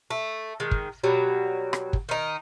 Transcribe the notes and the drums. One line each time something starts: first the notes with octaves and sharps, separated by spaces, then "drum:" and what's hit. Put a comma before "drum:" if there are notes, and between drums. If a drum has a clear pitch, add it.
A3
D#3 G#3
drum: kick
B2 F#3 G3
drum: rim click
drum: kick
D#3 D#4